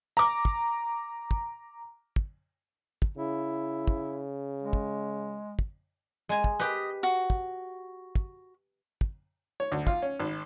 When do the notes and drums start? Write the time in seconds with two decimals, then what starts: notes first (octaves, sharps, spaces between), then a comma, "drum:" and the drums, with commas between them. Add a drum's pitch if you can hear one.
0.17 A#5 D6
0.45 drum: kick
1.31 drum: kick
2.16 drum: kick
3.02 drum: kick
3.18 C#3 E4
3.88 drum: kick
4.63 G#3
4.73 drum: kick
5.59 drum: kick
6.29 G#3 G#5
6.44 drum: kick
6.60 G4 B4 D#5
7.03 F#4
7.30 drum: kick
8.15 drum: kick
9.01 drum: kick
9.60 C#5
9.72 D2
9.87 F4, drum: kick
10.02 C#4
10.20 G#1